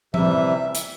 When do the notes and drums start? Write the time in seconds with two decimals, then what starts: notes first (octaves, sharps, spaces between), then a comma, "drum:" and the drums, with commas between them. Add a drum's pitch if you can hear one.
0.14 C3 E3 G3 E5, drum: tom F3
0.75 drum: hi-hat